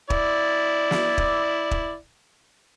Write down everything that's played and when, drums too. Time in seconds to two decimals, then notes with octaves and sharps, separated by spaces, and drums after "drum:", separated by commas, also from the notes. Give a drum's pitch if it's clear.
0.10 E4 D5, drum: kick
0.91 drum: snare
1.18 drum: kick
1.71 drum: kick